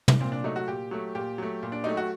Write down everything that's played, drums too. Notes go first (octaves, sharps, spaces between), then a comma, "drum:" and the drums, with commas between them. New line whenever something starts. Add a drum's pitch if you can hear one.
drum: tom
A#2 C4
D4
F#3 A3 D#4
F#4
A#2 G4
F#3 A3
A#2 G4
F#3 A3
A#2
D4
F#3 A3 D#4
F#4